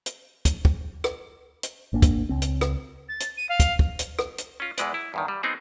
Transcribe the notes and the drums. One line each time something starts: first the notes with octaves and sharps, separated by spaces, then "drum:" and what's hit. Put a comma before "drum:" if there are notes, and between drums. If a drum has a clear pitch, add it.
drum: hi-hat
drum: kick, hi-hat
drum: kick
drum: rim click
drum: hi-hat
G#1 A#3 D4
drum: kick, hi-hat
C#2 C4
drum: hi-hat
drum: rim click
A6
drum: hi-hat
D#7
F5
drum: kick, hi-hat
drum: kick
drum: hi-hat
drum: rim click
drum: hi-hat
C#4 F4
E2 E3 G#3 B4 D5, drum: hi-hat
E4
E2 G2 D#3
G3
B3 C4 D#4 G#4